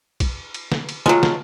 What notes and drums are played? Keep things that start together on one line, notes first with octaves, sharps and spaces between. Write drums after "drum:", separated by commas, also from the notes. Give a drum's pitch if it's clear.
drum: kick, cymbal
drum: cymbal
drum: snare
drum: cymbal
F#3 G#3 F4 A5 F6, drum: snare
drum: snare